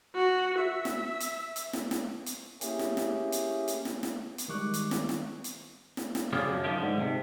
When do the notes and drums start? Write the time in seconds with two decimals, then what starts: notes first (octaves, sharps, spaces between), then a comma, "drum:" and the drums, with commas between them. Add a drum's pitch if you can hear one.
0.15 F#4
0.60 E5
0.85 drum: snare
1.20 drum: hi-hat
1.56 drum: hi-hat
1.73 drum: snare
1.91 drum: snare
2.26 drum: hi-hat
2.61 A#3 C#4 E4 G4 G#4, drum: hi-hat
2.79 drum: snare
2.97 drum: snare
3.32 drum: hi-hat
3.68 drum: hi-hat
3.85 drum: snare
4.03 drum: snare
4.38 drum: hi-hat
4.48 D#3 G3 G#3 C#6 D6 F#6
4.74 drum: hi-hat
4.91 drum: snare
5.09 drum: snare
5.44 drum: hi-hat
5.97 drum: snare
6.15 drum: snare
6.32 C#3 F3 G3 F4 G4 G#4
6.47 F#2 F3
6.64 D#3 F3 G4
6.78 G#2 D3
6.99 C3